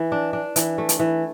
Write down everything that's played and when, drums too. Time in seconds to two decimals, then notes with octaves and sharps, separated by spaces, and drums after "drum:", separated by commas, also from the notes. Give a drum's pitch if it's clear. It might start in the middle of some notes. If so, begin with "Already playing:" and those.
Already playing: E3
0.12 D4
0.33 D4
0.56 E3, drum: hi-hat
0.78 A3
0.89 drum: hi-hat
0.99 E3